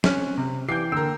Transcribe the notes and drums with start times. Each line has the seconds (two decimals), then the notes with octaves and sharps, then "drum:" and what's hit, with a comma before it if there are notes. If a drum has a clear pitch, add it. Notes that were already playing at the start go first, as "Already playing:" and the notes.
0.04 C4 C#4 F6 F#6, drum: snare
0.38 C3
0.68 E3 G4 D5 G5 G6 C7
0.92 D3 A#3 A#4 G5 E6